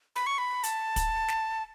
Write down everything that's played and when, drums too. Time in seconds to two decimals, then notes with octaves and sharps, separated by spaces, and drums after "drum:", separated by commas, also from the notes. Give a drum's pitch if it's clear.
0.16 B5
0.26 C#6
0.38 B5
0.63 A5, drum: hi-hat
0.96 drum: kick, hi-hat
1.28 drum: snare